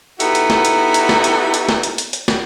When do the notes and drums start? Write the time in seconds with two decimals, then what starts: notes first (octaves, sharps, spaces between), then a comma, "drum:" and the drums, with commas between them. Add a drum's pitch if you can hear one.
0.20 B3 D#4 E4 F#4 G4 A4, drum: hi-hat
0.35 drum: hi-hat
0.50 drum: snare
0.65 drum: hi-hat
0.94 drum: hi-hat
1.09 drum: snare
1.24 drum: hi-hat
1.54 drum: hi-hat
1.69 drum: snare
1.83 drum: hi-hat
1.98 drum: hi-hat
2.13 drum: hi-hat
2.28 drum: snare